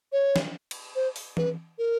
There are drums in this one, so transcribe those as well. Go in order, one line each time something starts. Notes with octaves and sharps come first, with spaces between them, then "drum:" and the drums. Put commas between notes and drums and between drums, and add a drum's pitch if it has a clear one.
C#5
drum: snare
drum: cymbal
C5
drum: open hi-hat
B4, drum: tom E3
A#4